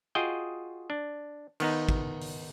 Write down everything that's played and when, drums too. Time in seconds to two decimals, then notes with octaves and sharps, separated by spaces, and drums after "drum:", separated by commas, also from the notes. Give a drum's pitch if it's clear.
0.15 F4 F#4 G#4 D#5 G5
0.90 D4
1.60 D#3 B3 D#4, drum: cymbal
1.89 drum: kick
2.21 drum: open hi-hat